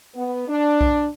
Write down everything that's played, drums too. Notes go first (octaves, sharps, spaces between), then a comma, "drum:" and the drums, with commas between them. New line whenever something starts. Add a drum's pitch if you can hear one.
B3
D4
drum: kick B1